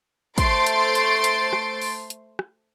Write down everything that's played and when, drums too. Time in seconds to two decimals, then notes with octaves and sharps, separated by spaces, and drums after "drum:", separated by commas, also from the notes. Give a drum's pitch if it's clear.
0.38 A3 C5 C6 A6 D7, drum: kick, hi-hat
0.66 drum: hi-hat
0.95 drum: hi-hat
1.24 drum: hi-hat
1.53 drum: rim click
1.81 drum: open hi-hat
2.10 drum: hi-hat
2.39 drum: rim click